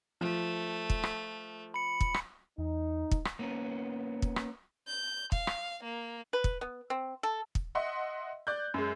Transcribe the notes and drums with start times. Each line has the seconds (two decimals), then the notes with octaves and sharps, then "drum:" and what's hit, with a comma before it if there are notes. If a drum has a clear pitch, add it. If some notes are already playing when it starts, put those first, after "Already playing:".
0.21 F3 A3
0.90 drum: kick
1.03 drum: rim click
1.74 B5 C#7
2.01 drum: kick
2.14 drum: rim click
2.58 E2 D#4
3.11 drum: kick
3.25 drum: rim click
3.39 A#3 B3 C#4
4.22 drum: kick
4.36 drum: rim click
4.87 G6
5.32 F5, drum: kick
5.47 drum: rim click
5.83 A#3
6.33 B4
6.44 drum: kick
6.61 B3
6.90 C4
7.23 A4
7.55 drum: kick
7.75 D#5 E5 F#5 C6
8.47 D5 F#6 G6
8.74 F#2 G#3